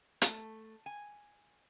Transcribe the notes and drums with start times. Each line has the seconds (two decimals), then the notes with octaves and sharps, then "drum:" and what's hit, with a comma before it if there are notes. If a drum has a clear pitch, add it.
0.22 A3, drum: hi-hat
0.86 G#5